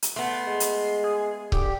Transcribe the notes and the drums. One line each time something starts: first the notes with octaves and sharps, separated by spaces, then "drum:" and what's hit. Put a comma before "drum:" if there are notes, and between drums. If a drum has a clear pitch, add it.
drum: hi-hat
A3 B3 C6
G#3
drum: hi-hat
G#4
D3 G4, drum: kick C#1